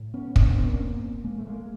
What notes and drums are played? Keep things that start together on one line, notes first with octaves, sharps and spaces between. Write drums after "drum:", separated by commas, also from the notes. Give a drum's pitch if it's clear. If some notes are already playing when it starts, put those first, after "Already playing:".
Already playing: A2
B3 C#4
C4 D4, drum: kick
A#2 B3 C#4
A#3 C4
A#2 G#3 A#3
A3
G#3 A#3